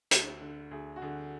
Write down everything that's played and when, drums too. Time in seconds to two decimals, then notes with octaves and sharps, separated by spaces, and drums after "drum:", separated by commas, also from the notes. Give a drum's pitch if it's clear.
0.11 D2, drum: hi-hat
0.41 D3
0.71 D2 G#4
0.96 F#4
1.02 D3 G#4